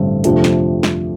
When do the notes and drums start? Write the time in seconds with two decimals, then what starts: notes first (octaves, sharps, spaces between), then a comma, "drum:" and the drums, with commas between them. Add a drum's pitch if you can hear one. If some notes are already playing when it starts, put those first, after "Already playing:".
Already playing: A1 G2 D3 A3 C4
0.24 F2 C3 F3 A3 D4, drum: hi-hat
0.44 drum: snare
0.83 drum: snare